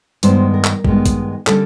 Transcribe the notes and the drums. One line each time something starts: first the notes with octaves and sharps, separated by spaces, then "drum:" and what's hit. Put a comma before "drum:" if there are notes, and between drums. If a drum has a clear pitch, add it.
G2 D#3 G#3 B3 C5, drum: hi-hat
A#4
drum: clap
G2 D#3 G#3 B3, drum: kick
drum: kick, hi-hat
D3 G3 A#3 C#4 A4, drum: clap